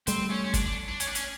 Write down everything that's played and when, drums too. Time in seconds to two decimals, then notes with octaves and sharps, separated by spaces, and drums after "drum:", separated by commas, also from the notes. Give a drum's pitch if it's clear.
0.07 G3 A3 C4, drum: hi-hat
0.30 C#4
0.44 C#4
0.54 D4, drum: kick, hi-hat
0.66 D4
0.88 D4
1.00 C#4, drum: hi-hat
1.07 D4
1.15 C#4, drum: hi-hat